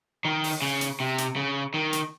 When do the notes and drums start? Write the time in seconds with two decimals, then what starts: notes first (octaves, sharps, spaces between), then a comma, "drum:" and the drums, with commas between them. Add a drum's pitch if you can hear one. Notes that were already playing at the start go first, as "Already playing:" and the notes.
0.25 D#3
0.44 drum: open hi-hat
0.62 C#3
0.81 drum: hi-hat
1.00 C3
1.18 drum: hi-hat
1.36 C#3
1.74 D#3
1.93 drum: hi-hat